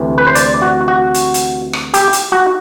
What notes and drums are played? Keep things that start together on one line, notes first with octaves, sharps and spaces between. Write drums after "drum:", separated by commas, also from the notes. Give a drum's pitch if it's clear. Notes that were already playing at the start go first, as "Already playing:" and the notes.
Already playing: D2 C3 E3
B4
C5
D5, drum: hi-hat
F#4
F#4
drum: hi-hat
drum: hi-hat
drum: rim click
G4, drum: hi-hat
drum: hi-hat
F#4